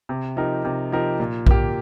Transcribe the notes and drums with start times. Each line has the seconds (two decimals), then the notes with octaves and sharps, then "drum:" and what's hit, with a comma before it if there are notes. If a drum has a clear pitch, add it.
0.09 C3
0.37 F3 D#4 G4 A#4
0.65 C3
0.92 F3 D#4 G4 A#4
1.20 A#2
1.47 A#3 G4, drum: kick A#1